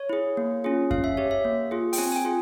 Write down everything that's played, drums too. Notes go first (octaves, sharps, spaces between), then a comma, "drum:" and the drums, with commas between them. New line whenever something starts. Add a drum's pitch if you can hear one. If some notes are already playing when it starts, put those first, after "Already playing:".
Already playing: C#5
E4 G#4
A#3
C#4 F4 G#4
C#4 F5, drum: kick F#2
E5
G4 C#5
E5
A#3
F4 G#4
G5, drum: open hi-hat
C4 G#5
G#5
G5
F4 G#4